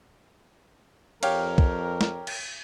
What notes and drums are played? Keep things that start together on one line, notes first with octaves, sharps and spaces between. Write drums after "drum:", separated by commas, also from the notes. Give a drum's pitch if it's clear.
F2 G4 A#4 C#5 F5, drum: cymbal
drum: kick
drum: snare
drum: cymbal